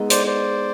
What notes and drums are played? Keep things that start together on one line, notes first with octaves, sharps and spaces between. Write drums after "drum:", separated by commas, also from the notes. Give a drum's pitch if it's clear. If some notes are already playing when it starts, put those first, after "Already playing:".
Already playing: G#3 B3 D#4
C5 D5, drum: hi-hat
C5 D5